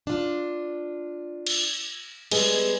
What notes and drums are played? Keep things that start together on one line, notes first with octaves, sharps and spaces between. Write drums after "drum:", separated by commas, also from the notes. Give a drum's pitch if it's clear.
D4 F4
drum: cymbal
G3 G#3 B3 G#4 D#5, drum: cymbal